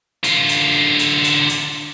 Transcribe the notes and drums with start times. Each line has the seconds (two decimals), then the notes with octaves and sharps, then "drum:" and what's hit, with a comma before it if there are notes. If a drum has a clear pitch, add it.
0.24 D3 F4, drum: hi-hat
0.49 drum: hi-hat
0.99 drum: hi-hat
1.24 drum: hi-hat
1.49 drum: hi-hat